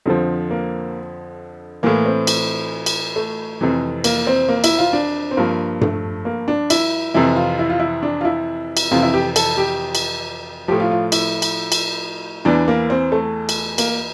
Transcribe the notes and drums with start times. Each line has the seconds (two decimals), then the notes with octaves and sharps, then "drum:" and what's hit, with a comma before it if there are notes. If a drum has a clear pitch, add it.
0.06 F2 D3 F3 C4
0.51 A#3
1.83 A2 E3 A#3
2.06 C4
2.27 drum: cymbal
2.86 drum: cymbal
3.16 A3
3.61 F2 C3 E3
4.04 A#3, drum: cymbal
4.27 C4
4.49 A#3
4.64 E4, drum: cymbal
4.78 F4
4.93 D4
5.31 C4
5.37 G2 F3 A#3
5.81 A3, drum: tom G2
6.25 A#3
6.48 D4
6.70 E4, drum: cymbal
7.14 F2 C3 E3 E4
7.36 F4
7.59 E4
7.70 F4
7.80 E4
8.03 D4
8.21 F4
8.25 E4
8.77 drum: cymbal
8.91 F2 C3 E3 F4
9.03 E4
9.14 G4
9.36 A4, drum: cymbal
9.58 G4
9.95 drum: cymbal
10.68 A2 F3 G4
10.80 F4
10.91 F4
11.12 E4, drum: cymbal
11.42 drum: cymbal
11.72 drum: cymbal
12.45 E2 E3 D4
12.68 A#3
12.90 C4
13.12 A3
13.49 drum: cymbal
13.78 A#3, drum: cymbal